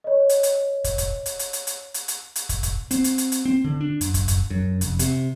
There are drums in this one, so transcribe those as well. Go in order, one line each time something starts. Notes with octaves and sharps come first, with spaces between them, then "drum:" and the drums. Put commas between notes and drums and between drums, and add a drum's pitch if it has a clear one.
C#5 D#5
drum: hi-hat
drum: hi-hat
drum: kick, hi-hat
drum: kick, hi-hat
drum: hi-hat
drum: hi-hat
drum: hi-hat
drum: hi-hat
drum: hi-hat
drum: hi-hat
drum: hi-hat
drum: kick, hi-hat
drum: kick, hi-hat
C4, drum: hi-hat
drum: hi-hat
drum: hi-hat
drum: hi-hat
C4
D3
D4
F#2, drum: hi-hat
drum: kick, hi-hat
drum: kick, hi-hat
F#2
F1, drum: hi-hat
C3, drum: hi-hat